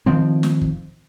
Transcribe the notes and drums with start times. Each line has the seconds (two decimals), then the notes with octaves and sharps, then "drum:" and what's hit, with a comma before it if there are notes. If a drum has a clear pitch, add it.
0.06 D#3 F3 C4
0.43 drum: snare
0.61 drum: kick